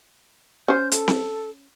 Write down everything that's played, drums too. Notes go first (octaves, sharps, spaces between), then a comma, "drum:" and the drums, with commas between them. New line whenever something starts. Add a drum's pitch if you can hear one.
C#4 C5 G6
A4, drum: hi-hat
drum: snare C4